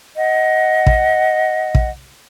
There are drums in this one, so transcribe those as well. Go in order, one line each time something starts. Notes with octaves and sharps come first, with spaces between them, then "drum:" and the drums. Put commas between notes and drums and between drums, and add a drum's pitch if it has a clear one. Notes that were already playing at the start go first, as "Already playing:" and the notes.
D#5 F#5
drum: kick
drum: kick